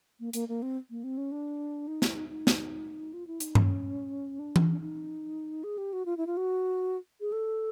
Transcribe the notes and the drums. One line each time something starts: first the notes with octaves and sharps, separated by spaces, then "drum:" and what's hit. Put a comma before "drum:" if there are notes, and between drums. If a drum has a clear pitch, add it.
A#3
A#3, drum: hi-hat
A#3
C4
A#3
C4
C#4
D4
D#4
E4, drum: snare
D#4
D#4
drum: snare
F4
E4
D#4, drum: hi-hat
C#4, drum: tom G2
D4
drum: tom E3
D4
D#4
G#4
G4
F#4
F4
E4
F4
F#4
G#4
A4